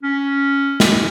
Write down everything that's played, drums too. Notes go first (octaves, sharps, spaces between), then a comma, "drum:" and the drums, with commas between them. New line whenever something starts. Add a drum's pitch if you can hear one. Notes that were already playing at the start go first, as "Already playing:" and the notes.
C#4
drum: snare